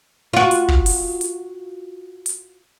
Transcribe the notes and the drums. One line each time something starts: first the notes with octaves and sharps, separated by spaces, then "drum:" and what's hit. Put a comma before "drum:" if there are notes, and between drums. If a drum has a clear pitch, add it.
F4 F#4
drum: hi-hat
drum: kick
drum: open hi-hat
drum: hi-hat
drum: hi-hat